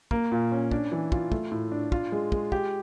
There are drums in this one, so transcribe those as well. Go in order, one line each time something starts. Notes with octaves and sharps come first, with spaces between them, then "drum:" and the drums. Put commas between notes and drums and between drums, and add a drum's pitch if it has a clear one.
A#3, drum: kick
A#2
C#4
D4, drum: kick
E3
F4, drum: kick
A3, drum: kick
A2
D4
F4, drum: kick
G#3
G#3, drum: kick
G4, drum: kick